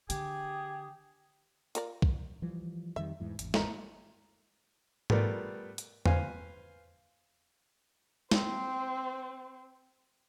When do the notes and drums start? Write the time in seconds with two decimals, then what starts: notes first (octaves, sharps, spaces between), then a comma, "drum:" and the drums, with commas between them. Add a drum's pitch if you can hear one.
0.10 D3 G4 G#4, drum: hi-hat
1.75 F4 A#4 D5, drum: hi-hat
2.02 drum: kick B1
2.42 E3 F3 G3
2.96 F2 D#3 G3 E5
3.20 E2 G#2 E3
3.39 G#1 E2, drum: hi-hat
3.54 A3 D#4 A#4, drum: snare
5.10 G3 A3 B3 F4 A#4 D5, drum: tom G#2
5.78 drum: hi-hat
6.06 B4 C5 F5 G#5, drum: tom E2
8.31 C4 C5, drum: snare